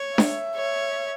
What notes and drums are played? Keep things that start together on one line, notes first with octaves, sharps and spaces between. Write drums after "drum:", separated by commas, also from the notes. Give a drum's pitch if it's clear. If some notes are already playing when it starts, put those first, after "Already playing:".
Already playing: C#5
E5, drum: snare D4
C#5